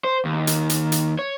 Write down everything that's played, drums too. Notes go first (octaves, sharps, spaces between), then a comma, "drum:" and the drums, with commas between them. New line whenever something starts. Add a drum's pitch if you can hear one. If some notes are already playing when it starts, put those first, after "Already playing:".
C5
D#2
drum: hi-hat
drum: hi-hat
drum: hi-hat
C#5